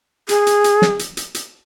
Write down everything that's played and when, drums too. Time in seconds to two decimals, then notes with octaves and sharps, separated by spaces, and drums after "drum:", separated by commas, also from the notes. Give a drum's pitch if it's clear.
0.29 G#4, drum: hi-hat
0.47 drum: hi-hat
0.64 drum: hi-hat
0.82 drum: snare
0.99 drum: hi-hat
1.17 drum: hi-hat
1.35 drum: hi-hat